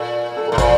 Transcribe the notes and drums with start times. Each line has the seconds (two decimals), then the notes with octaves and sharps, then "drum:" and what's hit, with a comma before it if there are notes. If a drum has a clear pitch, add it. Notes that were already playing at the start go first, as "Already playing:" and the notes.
Already playing: A#2 A4
0.37 A4
0.48 A2 A#4
0.58 A#2 C5, drum: kick, hi-hat